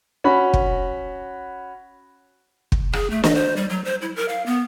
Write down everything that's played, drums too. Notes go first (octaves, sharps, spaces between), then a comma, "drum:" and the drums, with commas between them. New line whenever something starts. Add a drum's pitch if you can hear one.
C#4 F#4 B5
drum: kick
drum: kick
G#4, drum: rim click
A3
D#5, drum: snare
C5
G3
F#3
C5
E4
A#4
F5
B3